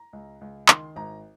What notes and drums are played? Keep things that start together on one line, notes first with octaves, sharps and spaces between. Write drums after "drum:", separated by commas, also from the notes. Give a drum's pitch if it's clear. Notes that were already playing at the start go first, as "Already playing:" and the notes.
Already playing: A#5
C#2
C#2
D#3 C6, drum: clap
G#1 A#5